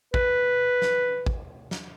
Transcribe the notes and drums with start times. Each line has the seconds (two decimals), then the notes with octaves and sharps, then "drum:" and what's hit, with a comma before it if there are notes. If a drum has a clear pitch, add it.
0.14 B4, drum: kick
0.82 drum: snare
1.26 drum: kick
1.71 drum: snare